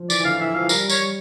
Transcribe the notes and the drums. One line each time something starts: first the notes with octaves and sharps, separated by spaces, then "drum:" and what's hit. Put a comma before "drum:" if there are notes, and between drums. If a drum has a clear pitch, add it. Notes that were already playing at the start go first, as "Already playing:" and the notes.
Already playing: F3
E3 D5, drum: tambourine
E3
D3 F5
E3 E5
F3 F5
G3 A#4, drum: tambourine
C#5, drum: tambourine